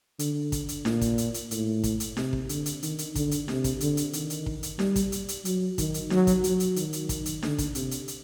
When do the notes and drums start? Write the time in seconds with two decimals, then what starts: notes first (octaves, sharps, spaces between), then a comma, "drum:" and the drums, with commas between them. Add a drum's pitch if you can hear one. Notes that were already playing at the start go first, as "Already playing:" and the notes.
0.19 D3, drum: hi-hat
0.52 drum: kick, hi-hat
0.69 drum: hi-hat
0.85 A#2, drum: snare D#4
1.01 drum: kick, hi-hat
1.18 drum: hi-hat
1.34 drum: hi-hat
1.51 A2, drum: hi-hat
1.84 drum: kick, hi-hat
2.00 drum: hi-hat
2.17 C3, drum: snare D#4
2.33 drum: kick
2.49 D3, drum: hi-hat
2.66 drum: hi-hat
2.83 D#3, drum: hi-hat
2.99 drum: hi-hat
3.15 D3, drum: kick, hi-hat
3.31 drum: hi-hat
3.48 C3, drum: snare D#4
3.64 drum: kick, hi-hat
3.81 D3, drum: hi-hat
3.97 drum: hi-hat
4.13 D#3, drum: hi-hat
4.30 drum: hi-hat
4.46 drum: kick
4.63 drum: hi-hat
4.79 G3, drum: snare D#4
4.96 drum: kick, hi-hat
5.12 drum: hi-hat
5.28 drum: hi-hat
5.45 F#3, drum: hi-hat
5.78 D#3, drum: kick, hi-hat
5.94 drum: hi-hat
6.10 F#3, drum: snare D#4
6.27 drum: kick, hi-hat
6.44 F#3, drum: hi-hat
6.60 drum: hi-hat
6.76 D#3, drum: hi-hat
6.93 drum: hi-hat
7.09 drum: kick, hi-hat
7.26 drum: hi-hat
7.43 D3, drum: snare D#4
7.58 drum: kick, hi-hat
7.75 C3, drum: hi-hat
7.91 drum: hi-hat
8.08 drum: hi-hat